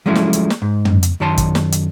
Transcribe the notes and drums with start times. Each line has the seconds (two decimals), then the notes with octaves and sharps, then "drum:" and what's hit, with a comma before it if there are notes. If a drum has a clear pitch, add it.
0.06 F3 F#3 G#3 A3 C#4 E4
0.15 drum: snare
0.33 drum: hi-hat
0.50 drum: snare
0.62 G#2
0.85 drum: tom
1.03 drum: hi-hat
1.20 F#2 D#3 C#5 A5 C6
1.38 drum: kick, hi-hat
1.55 drum: snare
1.72 drum: hi-hat